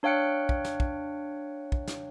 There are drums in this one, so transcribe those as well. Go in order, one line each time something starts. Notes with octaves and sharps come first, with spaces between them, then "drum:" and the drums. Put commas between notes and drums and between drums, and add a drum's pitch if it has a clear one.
D4 C#5 F5 G5 F#6 C#7
drum: kick
drum: snare
drum: kick
drum: kick
drum: snare